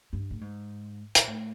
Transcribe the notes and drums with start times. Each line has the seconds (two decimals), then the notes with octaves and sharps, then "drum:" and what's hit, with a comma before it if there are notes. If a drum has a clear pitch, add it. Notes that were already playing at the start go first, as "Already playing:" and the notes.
0.13 G2
0.31 A2
0.41 G#2
1.15 A#2, drum: hi-hat
1.27 A2